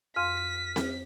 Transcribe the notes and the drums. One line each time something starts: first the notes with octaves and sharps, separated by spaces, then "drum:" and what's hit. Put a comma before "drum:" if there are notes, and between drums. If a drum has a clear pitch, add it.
F2 F5 C6 F6 B6 D#7
drum: snare C4